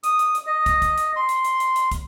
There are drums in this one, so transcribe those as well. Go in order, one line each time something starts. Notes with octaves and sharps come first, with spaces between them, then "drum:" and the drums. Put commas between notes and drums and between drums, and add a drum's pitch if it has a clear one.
D#6, drum: hi-hat
drum: hi-hat
drum: hi-hat
D#5
drum: kick, hi-hat
drum: kick, hi-hat
drum: hi-hat
C6
drum: hi-hat
drum: hi-hat
drum: hi-hat
drum: hi-hat
drum: kick, hi-hat